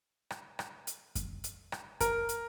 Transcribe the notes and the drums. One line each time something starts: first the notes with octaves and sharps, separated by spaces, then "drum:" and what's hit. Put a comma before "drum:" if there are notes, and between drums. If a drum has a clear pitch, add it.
drum: rim click
drum: rim click
drum: hi-hat
drum: kick F#2, hi-hat
drum: hi-hat
drum: rim click
A#4, drum: kick F#2, hi-hat
drum: hi-hat